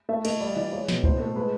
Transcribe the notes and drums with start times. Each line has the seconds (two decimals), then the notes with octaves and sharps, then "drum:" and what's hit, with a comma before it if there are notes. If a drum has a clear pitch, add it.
0.09 A3 E5
0.25 A3 D#5, drum: cymbal
0.40 G3 D5
0.49 D#5
0.56 E3 D5
0.72 G#3 C#5
0.89 B2, drum: snare
1.03 A2 C5, drum: kick C#2
1.20 A3
1.36 G#3 B4